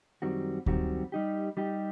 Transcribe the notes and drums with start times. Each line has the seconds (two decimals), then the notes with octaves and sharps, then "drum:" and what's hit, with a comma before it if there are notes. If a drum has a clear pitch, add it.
0.22 F#2 D#3 G3 C4 F#4
0.66 F#2 D#3 G3 C4 F#4, drum: kick D2
1.12 G3 D#4 G4
1.57 G3 D#4 G4